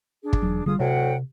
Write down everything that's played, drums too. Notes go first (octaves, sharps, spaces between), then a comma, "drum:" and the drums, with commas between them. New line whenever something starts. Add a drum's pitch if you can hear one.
D4 G#4
drum: kick
E1 F#3
D3 G3 F4 G#4 D#6
D2 A2 C3 F#3 F#5 G5